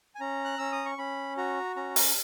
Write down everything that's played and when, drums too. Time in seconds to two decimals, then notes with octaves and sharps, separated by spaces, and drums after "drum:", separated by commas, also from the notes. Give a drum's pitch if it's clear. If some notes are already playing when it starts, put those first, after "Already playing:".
0.15 G#5
0.20 C#4 A#5
0.45 F#6
0.58 C#4 E6
0.72 D#6
0.85 C#6
0.98 C#4 B5
1.37 F#4 A#5
1.76 C#4 A#5
1.96 drum: open hi-hat